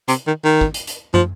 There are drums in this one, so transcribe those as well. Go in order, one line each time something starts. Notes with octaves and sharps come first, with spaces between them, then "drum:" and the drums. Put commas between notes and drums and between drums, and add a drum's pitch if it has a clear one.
C3, drum: hi-hat
D#3
D#3
drum: kick
drum: hi-hat
drum: hi-hat
F3, drum: tom